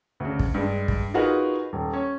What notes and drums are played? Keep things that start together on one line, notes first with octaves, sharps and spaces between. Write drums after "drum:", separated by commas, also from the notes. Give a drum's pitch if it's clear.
D2 C#3
drum: kick
G2 G#3
drum: kick
D#4 F4 F#4 G#4 A#4 B4
D#1
C#4